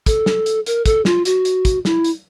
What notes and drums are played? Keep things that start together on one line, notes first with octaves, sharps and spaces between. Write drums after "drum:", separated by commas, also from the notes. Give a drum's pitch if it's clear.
A4, drum: kick, hi-hat
drum: snare
drum: hi-hat
A#4, drum: hi-hat
A4, drum: kick, hi-hat
F4, drum: snare
F#4, drum: hi-hat
drum: hi-hat
drum: kick, hi-hat
E4, drum: snare
drum: hi-hat